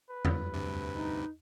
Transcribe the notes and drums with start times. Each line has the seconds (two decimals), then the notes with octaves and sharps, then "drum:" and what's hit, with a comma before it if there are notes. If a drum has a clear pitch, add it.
0.10 B4
0.25 drum: tom E2
0.53 D2 G2 C3
0.95 D#4